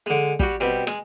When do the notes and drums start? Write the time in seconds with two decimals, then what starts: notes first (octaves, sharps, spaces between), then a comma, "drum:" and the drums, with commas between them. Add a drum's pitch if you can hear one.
0.06 D3 G#3
0.40 G3 F#4, drum: kick
0.60 B2 G3 C4
0.87 G#3, drum: rim click